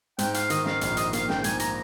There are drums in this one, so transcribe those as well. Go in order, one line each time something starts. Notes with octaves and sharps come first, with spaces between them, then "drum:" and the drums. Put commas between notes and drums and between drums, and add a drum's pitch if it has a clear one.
G#2 G5, drum: hi-hat
F5, drum: hi-hat
D#3 D#5, drum: hi-hat
F5, drum: snare
A#1 F5, drum: hi-hat
D#5, drum: hi-hat
A#3 F5, drum: hi-hat
G5, drum: snare
G#2 G#5, drum: hi-hat
A#5, drum: hi-hat